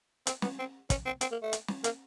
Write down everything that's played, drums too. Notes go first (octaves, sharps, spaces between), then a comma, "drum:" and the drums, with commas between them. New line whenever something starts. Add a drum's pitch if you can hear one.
C4, drum: hi-hat
B3, drum: snare
C4
C#4, drum: kick, hi-hat
C4
C4, drum: hi-hat
A#3
A3
drum: hi-hat
drum: snare
A#3, drum: hi-hat